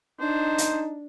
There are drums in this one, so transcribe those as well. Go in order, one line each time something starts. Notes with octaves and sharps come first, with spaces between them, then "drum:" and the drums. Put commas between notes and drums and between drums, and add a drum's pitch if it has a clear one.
D4 D#4 C5
drum: hi-hat